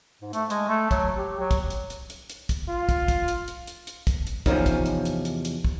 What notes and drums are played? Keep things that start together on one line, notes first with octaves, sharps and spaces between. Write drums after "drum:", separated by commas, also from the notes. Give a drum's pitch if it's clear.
G#2
A3, drum: hi-hat
G#3, drum: hi-hat
A3
F#3, drum: kick, hi-hat
G4
F#3
drum: kick, hi-hat
drum: hi-hat
drum: hi-hat
drum: hi-hat
drum: hi-hat
drum: kick, hi-hat
F4
drum: kick, hi-hat
drum: kick, hi-hat
drum: hi-hat
drum: hi-hat
drum: hi-hat
drum: hi-hat
drum: kick, hi-hat
drum: hi-hat
E2 C3 F3 C#4 D#4, drum: kick, hi-hat
drum: kick, hi-hat
drum: hi-hat
drum: hi-hat
drum: hi-hat
drum: hi-hat
drum: kick